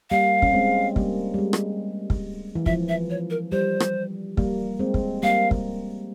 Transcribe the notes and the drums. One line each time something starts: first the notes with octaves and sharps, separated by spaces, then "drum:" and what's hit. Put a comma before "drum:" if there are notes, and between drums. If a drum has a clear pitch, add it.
G3 A#3 F5
C#4, drum: kick
G#3 C4
G3 A#3, drum: kick
G3
G#3
drum: rim click
drum: kick
E3
F3 E5, drum: kick
E5
C#5
A#4
G3 C5
drum: rim click
G3 A#3, drum: kick
G#3 C4
drum: kick
G3 A#3 F5
drum: kick